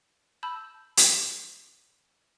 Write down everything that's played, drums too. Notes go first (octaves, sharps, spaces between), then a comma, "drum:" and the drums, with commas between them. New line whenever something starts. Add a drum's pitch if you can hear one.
A5 B5 E6 G6
drum: hi-hat